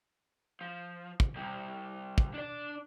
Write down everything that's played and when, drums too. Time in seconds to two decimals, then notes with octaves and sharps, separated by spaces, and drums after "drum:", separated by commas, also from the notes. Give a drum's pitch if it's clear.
0.61 F3
1.20 drum: kick
1.36 C3 G3
2.18 drum: kick
2.34 D4 D5